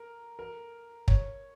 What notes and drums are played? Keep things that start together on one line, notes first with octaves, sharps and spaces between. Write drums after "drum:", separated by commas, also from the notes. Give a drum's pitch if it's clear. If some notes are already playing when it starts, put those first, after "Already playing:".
Already playing: A#4
A#4
C#5, drum: kick